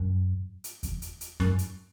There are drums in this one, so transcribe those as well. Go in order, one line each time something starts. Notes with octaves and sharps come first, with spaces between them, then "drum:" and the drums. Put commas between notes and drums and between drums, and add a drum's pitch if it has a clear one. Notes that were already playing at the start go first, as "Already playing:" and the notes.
Already playing: F#2
drum: hi-hat
drum: kick E2, hi-hat
drum: hi-hat
drum: hi-hat
F#2, drum: snare C#4
drum: hi-hat